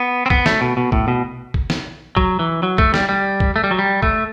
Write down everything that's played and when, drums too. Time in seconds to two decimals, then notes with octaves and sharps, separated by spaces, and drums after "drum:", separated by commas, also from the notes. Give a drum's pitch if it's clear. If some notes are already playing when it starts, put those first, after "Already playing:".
Already playing: B3
0.26 C4
0.30 B3, drum: kick
0.46 A3, drum: snare
0.61 B2
0.77 B2
0.92 A2, drum: kick
1.08 B2
1.54 drum: kick
1.70 drum: snare
2.17 F#3, drum: kick
2.39 E3
2.63 F#3
2.78 A3, drum: kick
2.94 G3, drum: snare
3.09 G3
3.40 drum: kick
3.56 A3
3.64 G3
3.71 F#3
3.79 G3
4.03 A3, drum: kick